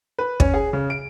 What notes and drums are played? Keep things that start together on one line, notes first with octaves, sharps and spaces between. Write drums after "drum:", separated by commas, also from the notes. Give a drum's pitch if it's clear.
B4
C#4, drum: kick
G#4
C#3
D7